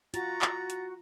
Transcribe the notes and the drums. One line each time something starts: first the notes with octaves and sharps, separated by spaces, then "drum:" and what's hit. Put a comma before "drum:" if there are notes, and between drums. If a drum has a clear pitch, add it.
F4 F#4 A#5 A6, drum: hi-hat
drum: clap
drum: hi-hat